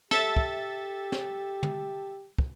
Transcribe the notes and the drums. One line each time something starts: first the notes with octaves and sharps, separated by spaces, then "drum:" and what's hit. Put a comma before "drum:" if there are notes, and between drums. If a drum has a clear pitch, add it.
G4 A4 E5 A6, drum: snare
drum: kick
drum: snare
drum: tom
drum: kick